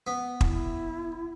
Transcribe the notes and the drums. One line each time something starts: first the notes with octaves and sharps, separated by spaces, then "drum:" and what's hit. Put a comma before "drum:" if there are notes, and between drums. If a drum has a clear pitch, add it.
B3
E4, drum: kick